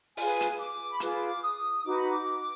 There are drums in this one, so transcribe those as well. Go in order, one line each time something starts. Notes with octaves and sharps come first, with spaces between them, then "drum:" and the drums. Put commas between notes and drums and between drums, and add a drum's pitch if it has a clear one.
F4 G#4 B4 G#5, drum: open hi-hat
drum: hi-hat
D6
B5
F4 G#4 B4 D6, drum: hi-hat
D#6
D#4 F#4 B4 D6
B5
D6